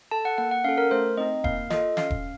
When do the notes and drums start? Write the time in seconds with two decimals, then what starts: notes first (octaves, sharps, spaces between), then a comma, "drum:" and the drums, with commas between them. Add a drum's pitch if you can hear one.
0.11 A4 A5
0.25 F#5
0.38 A#3 F#5
0.51 F#5
0.64 C#4 A4 F5
0.78 A#4
0.91 A3 C5
1.17 C4 D#4 D#5
1.44 A#3 F5, drum: kick E1
1.70 F4 A4 D#5, drum: snare
1.97 C#4 F5, drum: snare
2.10 drum: kick E1